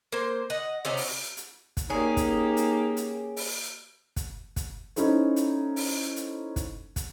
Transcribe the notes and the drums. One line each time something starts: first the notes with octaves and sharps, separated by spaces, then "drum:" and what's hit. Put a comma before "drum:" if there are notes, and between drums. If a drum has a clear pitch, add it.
A#3 C5
D#5 F#5
C3 C#4 D#4 F#4
drum: open hi-hat
drum: hi-hat
drum: kick, hi-hat
A#3 C#4 D#4 G4 G#4
drum: kick, hi-hat
drum: hi-hat
drum: hi-hat
drum: open hi-hat
drum: kick, hi-hat
drum: kick, hi-hat
C#4 D#4 E4 A4 C5, drum: hi-hat
drum: hi-hat
drum: open hi-hat
drum: hi-hat
drum: kick, hi-hat
drum: kick, hi-hat